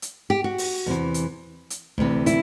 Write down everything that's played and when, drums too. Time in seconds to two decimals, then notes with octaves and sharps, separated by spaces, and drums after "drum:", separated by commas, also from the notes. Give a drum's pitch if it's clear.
0.02 drum: hi-hat
0.30 G4
0.44 F#4
0.58 drum: open hi-hat
0.86 E2 C3 E3
1.14 drum: hi-hat
1.70 drum: hi-hat
1.98 D2 C3 E3, drum: kick
2.26 E4, drum: hi-hat